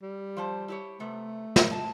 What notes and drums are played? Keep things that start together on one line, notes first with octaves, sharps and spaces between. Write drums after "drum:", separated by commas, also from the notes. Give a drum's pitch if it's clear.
G3
F3 C5 A5
E4 G4 C#5
C3 A3 B3
drum: snare
A5